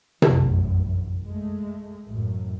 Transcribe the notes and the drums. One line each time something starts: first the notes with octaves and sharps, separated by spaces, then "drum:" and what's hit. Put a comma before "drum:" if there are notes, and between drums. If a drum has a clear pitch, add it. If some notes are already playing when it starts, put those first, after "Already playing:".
F1 A#1 F#2 E3, drum: tom C3
G#3 A3
A1 F#2 A2